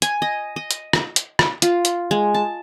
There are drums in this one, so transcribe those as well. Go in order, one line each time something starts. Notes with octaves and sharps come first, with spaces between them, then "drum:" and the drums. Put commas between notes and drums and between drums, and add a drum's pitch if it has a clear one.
G#5, drum: hi-hat
D#5
D#5
drum: hi-hat
drum: rim click
drum: hi-hat
drum: rim click
F4, drum: hi-hat
drum: hi-hat
G#3
A5